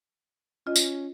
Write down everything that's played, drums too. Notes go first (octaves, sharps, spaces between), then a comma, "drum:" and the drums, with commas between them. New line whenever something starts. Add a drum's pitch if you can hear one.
C#4 F4 D#5
drum: tambourine